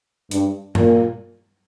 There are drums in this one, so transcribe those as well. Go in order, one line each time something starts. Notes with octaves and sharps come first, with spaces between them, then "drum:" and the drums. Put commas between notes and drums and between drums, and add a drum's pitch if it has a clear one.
G2, drum: hi-hat
A#2, drum: tom G2